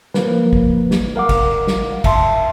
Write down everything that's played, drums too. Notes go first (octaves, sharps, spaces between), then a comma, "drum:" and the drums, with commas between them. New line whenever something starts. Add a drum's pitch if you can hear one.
F3 A#3 A#4 B4, drum: snare
drum: kick
drum: snare
A#4 F5 F#5 D6
drum: kick, cymbal
drum: snare
E5 A5 C6, drum: kick, cymbal